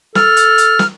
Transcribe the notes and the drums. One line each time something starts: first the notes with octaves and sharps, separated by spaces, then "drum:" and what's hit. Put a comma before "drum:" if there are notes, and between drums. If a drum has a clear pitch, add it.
A4 F6, drum: snare
drum: hi-hat
drum: hi-hat
drum: snare